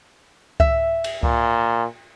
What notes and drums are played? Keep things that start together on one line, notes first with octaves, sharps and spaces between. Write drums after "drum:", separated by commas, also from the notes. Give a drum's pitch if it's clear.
E5, drum: kick C#2
drum: cymbal
A#2, drum: kick C#2